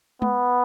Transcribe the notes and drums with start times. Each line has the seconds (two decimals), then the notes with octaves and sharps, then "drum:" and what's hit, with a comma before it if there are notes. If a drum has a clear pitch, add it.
0.22 B3, drum: tom G#3